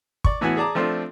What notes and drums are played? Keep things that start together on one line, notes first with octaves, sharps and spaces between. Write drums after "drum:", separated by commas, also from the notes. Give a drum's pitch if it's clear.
D5 C#6, drum: kick
A2 E3 B3 F#4 G#5
G#4 D5 A5 A#5 D6
F3 A3 C4 D4 F4